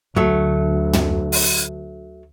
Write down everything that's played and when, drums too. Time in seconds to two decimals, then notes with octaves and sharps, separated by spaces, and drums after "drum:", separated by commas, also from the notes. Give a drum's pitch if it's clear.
0.16 D2 F#3 A3, drum: kick
0.93 drum: tom
1.32 drum: open hi-hat